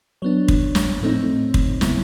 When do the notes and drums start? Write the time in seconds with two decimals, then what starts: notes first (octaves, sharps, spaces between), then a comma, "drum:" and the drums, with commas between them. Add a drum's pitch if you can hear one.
0.22 F#3 B3 D4 C#5
0.48 drum: kick
0.75 drum: snare
1.01 A2 F3 A3 C4 D#4
1.54 drum: kick
1.81 C#3 F#3 B3 E4, drum: snare